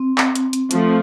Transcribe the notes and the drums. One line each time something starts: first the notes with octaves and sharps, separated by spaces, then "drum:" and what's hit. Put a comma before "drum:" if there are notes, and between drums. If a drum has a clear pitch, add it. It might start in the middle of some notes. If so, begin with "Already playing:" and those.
Already playing: C4
drum: clap
drum: hi-hat
drum: hi-hat
F3 A3, drum: hi-hat